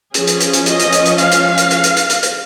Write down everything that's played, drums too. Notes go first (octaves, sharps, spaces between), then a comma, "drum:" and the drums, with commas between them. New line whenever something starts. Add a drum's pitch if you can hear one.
F3 C#4 G#4, drum: hi-hat
drum: hi-hat
drum: hi-hat
drum: hi-hat
D#5, drum: hi-hat
drum: hi-hat
drum: hi-hat
drum: hi-hat
F5, drum: hi-hat
drum: hi-hat
drum: hi-hat
drum: hi-hat
drum: hi-hat
drum: hi-hat
drum: hi-hat
drum: hi-hat